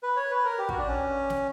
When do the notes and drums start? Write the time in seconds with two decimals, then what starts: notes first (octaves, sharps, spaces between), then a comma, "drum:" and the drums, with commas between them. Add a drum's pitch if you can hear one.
0.03 B4
0.16 C#5
0.31 B4
0.45 A#4
0.59 G4
0.69 F#4, drum: kick
0.78 D4
0.88 C#4
1.30 drum: snare